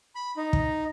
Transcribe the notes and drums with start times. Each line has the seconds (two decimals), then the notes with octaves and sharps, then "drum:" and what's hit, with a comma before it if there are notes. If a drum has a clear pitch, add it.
0.15 B5
0.37 D#4
0.53 drum: kick